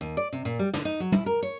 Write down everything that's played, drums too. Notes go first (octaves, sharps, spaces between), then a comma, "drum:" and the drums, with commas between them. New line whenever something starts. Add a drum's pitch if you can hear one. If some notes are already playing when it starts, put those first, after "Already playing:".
D#2
D5
C3
A#2
G3
D3, drum: snare
D#4
F#3
E4, drum: tom
A#4
C#5